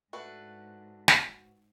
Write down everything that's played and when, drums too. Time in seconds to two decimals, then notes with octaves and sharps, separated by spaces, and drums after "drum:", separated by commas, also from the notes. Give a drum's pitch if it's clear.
0.13 G#2 A3 D4 F#4 B4
1.08 drum: snare